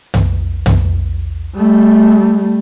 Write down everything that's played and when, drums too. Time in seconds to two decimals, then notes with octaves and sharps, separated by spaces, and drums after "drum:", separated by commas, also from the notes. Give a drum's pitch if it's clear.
0.14 drum: tom
0.66 drum: tom
1.57 G3 A3